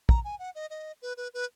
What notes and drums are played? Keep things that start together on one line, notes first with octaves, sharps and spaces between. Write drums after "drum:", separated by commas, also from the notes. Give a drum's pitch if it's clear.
A#5, drum: kick
G#5
F#5
D#5
D#5
B4
B4
B4